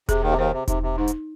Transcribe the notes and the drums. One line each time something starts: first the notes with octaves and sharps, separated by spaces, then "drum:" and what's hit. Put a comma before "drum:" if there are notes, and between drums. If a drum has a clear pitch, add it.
C3 G#4, drum: kick E1, hi-hat
D#2 D#3
C3
D#2 D#3 C5
C3
C3 D#4, drum: kick E1, hi-hat
C3
G#2 D#4
drum: hi-hat